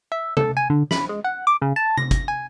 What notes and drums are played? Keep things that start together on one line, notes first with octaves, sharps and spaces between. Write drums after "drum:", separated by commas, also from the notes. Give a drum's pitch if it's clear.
E5
A4, drum: tom C3
G#5
D3
B5, drum: snare
G#3
F#5
D6
C#3
A5
A#6, drum: tom C3
drum: kick, hi-hat
G#5